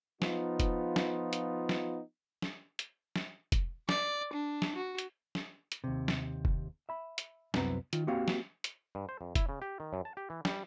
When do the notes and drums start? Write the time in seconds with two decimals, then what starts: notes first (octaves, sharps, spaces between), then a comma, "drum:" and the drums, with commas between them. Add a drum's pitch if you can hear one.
0.22 F3 B3 D#4 F4, drum: snare
0.60 drum: kick, hi-hat
0.96 drum: snare
1.33 drum: hi-hat
1.69 drum: snare
2.42 drum: snare
2.79 drum: hi-hat
3.16 drum: snare
3.52 drum: kick, hi-hat
3.89 D5, drum: snare
4.33 D4
4.62 drum: snare
4.76 F#4
4.98 drum: hi-hat
5.35 drum: snare
5.72 drum: hi-hat
5.84 D#2 C3
6.08 drum: snare
6.45 drum: kick
6.89 E5 B5
7.18 drum: hi-hat
7.54 C2 F#2 B3 C4 A#5, drum: snare
7.93 D#3 F4, drum: hi-hat
8.07 A#3 C4 F#4 G4 F5
8.28 drum: snare
8.64 drum: hi-hat
8.95 G2
9.09 C5
9.21 F2
9.35 E4, drum: kick, hi-hat
9.49 C#3
9.62 G4
9.80 D#3
9.93 F#2
10.05 A5
10.17 G4
10.30 E3
10.45 G3, drum: snare